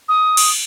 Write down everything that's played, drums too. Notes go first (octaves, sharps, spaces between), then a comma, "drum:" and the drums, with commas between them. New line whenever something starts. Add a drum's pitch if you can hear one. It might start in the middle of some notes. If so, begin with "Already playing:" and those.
D#6
drum: cymbal